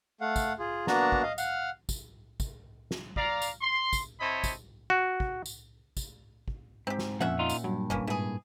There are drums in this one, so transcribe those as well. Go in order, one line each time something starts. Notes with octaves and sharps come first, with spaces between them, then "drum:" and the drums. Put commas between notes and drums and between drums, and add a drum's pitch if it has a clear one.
A3 F5 F#5
drum: kick, tambourine
F4 G#4
A#3 B3 D4 F#4 A5 A#5, drum: snare
drum: kick
D#5 F5
F5 F#5 F6, drum: tambourine
drum: kick, tambourine
drum: kick, tambourine
drum: snare
D5 F5 A#5, drum: kick
drum: tambourine
C6
drum: kick, tambourine
C4 E4 C#5 D#5 A5 B5
drum: kick, tambourine
F#4
drum: kick
drum: tambourine
drum: kick, tambourine
drum: kick
G#2 C4 G4
drum: snare
F2 A#2 C#4 E5 F#5
D#4 F4
drum: tambourine
G2 F#3
F#1 E3 A#3 C#4
G#2 E3 G#4